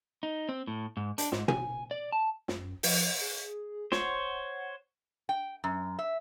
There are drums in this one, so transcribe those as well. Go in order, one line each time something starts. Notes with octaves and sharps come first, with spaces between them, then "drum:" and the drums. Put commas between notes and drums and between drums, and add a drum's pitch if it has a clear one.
D#4
C4
A2
G#2
D4, drum: hi-hat
G#2, drum: snare
G#5, drum: tom
D5
A5
F#2, drum: snare
F3, drum: open hi-hat
G#4
C5 C#5 F#5, drum: snare
G5
F#2
E5